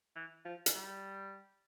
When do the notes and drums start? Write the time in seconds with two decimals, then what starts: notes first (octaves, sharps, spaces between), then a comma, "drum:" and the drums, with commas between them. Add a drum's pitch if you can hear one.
0.16 E3
0.45 F3
0.66 drum: hi-hat
0.75 G3